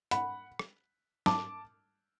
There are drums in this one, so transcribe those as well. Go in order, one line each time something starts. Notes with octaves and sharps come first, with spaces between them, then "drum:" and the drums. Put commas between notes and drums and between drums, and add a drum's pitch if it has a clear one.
F#5 B5, drum: hi-hat
drum: rim click
A5 D6, drum: snare